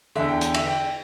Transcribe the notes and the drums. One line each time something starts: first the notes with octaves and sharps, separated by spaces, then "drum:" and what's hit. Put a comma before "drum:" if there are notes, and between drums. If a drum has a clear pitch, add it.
E2 D3 E5
G5
G5, drum: hi-hat
E5, drum: cymbal
G5